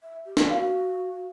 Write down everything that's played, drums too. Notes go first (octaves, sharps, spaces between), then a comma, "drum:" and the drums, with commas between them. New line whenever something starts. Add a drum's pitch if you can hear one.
E5
G4
drum: snare
F#4 F5